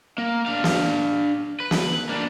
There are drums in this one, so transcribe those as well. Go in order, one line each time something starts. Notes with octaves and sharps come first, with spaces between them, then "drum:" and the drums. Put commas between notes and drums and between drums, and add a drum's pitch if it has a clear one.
A#3
D4 F5
drum: snare
B4
drum: snare
A#3 D4